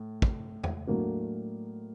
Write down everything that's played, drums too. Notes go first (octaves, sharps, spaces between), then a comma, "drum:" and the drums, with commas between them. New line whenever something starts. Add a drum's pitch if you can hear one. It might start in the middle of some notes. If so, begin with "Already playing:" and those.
Already playing: A2
drum: kick
drum: tom E2
A2 F#3 A#3 D4 F#4